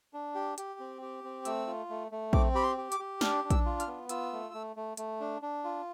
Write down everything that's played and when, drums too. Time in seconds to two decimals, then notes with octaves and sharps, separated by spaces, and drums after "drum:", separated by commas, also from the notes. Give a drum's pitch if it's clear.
0.14 D4
0.35 G4
0.58 G4, drum: hi-hat
0.80 C4
1.02 G4
1.24 C4
1.45 A3 E6, drum: hi-hat
1.67 F4
1.90 A3
2.12 A3
2.33 C4 D6, drum: kick A#1
2.55 G4 B5
2.63 C6
2.77 G4
2.92 D6, drum: hi-hat
3.00 G4
3.21 D4 F6, drum: snare
3.44 D4
3.51 E6, drum: kick A#1, hi-hat
3.65 F4
3.80 F6, drum: hi-hat
3.87 B3
4.09 F4 E6, drum: hi-hat
4.33 A3
4.54 A3
4.76 A3
4.97 A3, drum: hi-hat
5.20 D4
5.42 D4
5.64 F4